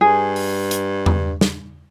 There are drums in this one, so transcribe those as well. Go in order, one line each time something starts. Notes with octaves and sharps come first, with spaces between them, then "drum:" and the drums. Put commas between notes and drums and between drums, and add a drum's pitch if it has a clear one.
G2 G#4
drum: open hi-hat
drum: hi-hat
drum: tom E2
drum: snare